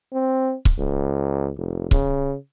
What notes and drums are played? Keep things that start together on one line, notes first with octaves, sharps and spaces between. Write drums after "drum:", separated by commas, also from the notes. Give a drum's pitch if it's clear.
C4
drum: kick
C#2
F1
C#3, drum: kick